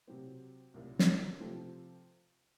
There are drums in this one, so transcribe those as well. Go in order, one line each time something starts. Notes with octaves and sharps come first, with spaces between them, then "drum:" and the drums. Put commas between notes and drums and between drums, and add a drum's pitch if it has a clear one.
C3 F#3 C4
C2 A#2 F#3
drum: snare
C3 F3 C4 F4 A4